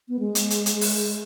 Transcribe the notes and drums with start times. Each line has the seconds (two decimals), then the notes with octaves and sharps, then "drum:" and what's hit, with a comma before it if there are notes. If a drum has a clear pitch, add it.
0.08 B3
0.19 G#3
0.35 drum: hi-hat
0.50 drum: hi-hat
0.66 drum: hi-hat
0.81 drum: open hi-hat